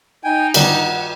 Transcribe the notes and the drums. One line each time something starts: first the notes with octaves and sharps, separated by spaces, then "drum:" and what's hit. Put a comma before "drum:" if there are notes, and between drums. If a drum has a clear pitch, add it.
D#4 G5 G#5
G2 D#3 D4 F#5, drum: cymbal